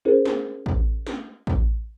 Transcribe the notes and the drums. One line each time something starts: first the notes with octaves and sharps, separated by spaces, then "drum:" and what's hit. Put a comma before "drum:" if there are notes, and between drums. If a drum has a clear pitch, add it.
C#4 E4 G#4 A#4 C5
drum: snare
drum: kick
drum: snare
drum: kick